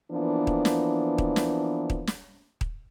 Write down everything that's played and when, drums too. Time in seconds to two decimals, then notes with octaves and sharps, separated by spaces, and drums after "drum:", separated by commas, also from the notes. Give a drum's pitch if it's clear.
0.11 E3 F3 A#3 B3 D4
0.47 drum: kick D#1
0.65 drum: snare
1.18 drum: kick D#1
1.36 drum: snare
1.90 drum: kick D#1
2.07 drum: snare
2.61 drum: kick D#1